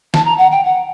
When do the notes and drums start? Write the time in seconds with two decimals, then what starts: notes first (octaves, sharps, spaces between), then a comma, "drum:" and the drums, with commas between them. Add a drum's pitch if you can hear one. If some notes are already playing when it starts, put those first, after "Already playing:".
0.14 A5, drum: snare
0.25 A#5
0.38 F#5
0.52 G5
0.64 F#5